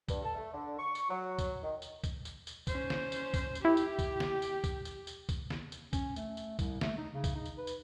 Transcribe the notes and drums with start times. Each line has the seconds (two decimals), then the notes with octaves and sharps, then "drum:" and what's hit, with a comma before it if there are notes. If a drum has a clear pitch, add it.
0.08 G2, drum: kick C2, tambourine
0.23 A4
0.36 A3
0.53 D3
0.79 C#6
0.95 drum: tambourine
1.09 F#3
1.39 drum: kick C2, tambourine
1.63 D#3
1.82 drum: tambourine
2.04 drum: kick C2, tambourine
2.25 drum: tambourine
2.47 drum: tambourine
2.67 C#4 C5, drum: kick C2, tambourine
2.90 drum: snare
3.12 drum: tambourine
3.34 drum: kick C2, tambourine
3.55 drum: tambourine
3.65 E4 G4
3.77 drum: tambourine
3.99 drum: kick C2, tambourine
4.20 drum: snare
4.42 drum: tambourine
4.64 drum: kick C2, tambourine
4.85 drum: tambourine
5.07 drum: tambourine
5.29 drum: kick C2, tambourine
5.50 drum: snare
5.72 drum: tambourine
5.93 C#4, drum: kick C2, tambourine
6.16 A3, drum: tambourine
6.37 drum: tambourine
6.59 C2, drum: kick C2, tambourine
6.81 A3, drum: snare
6.98 D#4
7.14 C#3
7.24 drum: kick C2, tambourine
7.35 D#4
7.46 drum: tambourine
7.58 B4
7.67 drum: tambourine